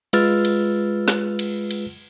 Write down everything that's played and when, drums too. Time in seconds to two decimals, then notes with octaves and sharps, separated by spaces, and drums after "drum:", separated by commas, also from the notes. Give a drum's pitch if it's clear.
0.13 G#3 F4 B4 E6 F6 A6, drum: cymbal
0.45 drum: cymbal
1.08 drum: snare
1.39 drum: cymbal
1.71 drum: cymbal